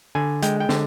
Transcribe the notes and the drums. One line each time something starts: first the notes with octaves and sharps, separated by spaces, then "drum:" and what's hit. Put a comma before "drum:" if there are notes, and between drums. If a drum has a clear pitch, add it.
D3 G#5
G#3 G5, drum: hi-hat
G5
D3, drum: snare